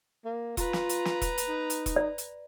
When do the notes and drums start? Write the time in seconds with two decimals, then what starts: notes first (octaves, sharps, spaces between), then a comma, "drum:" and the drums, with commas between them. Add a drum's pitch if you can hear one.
0.25 A#3
0.57 F4 B4 A#5, drum: kick E1, hi-hat
0.73 drum: snare
0.89 drum: hi-hat
1.05 drum: snare
1.22 drum: kick E1, hi-hat
1.38 drum: hi-hat
1.48 D#4
1.70 drum: hi-hat
1.86 drum: kick E1, hi-hat
1.96 D5
2.18 drum: hi-hat